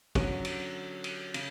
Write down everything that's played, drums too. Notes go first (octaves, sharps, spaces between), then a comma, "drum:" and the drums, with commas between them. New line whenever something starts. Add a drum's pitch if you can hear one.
D3 F#3 C#4, drum: kick, cymbal
drum: cymbal
drum: cymbal
C#3, drum: cymbal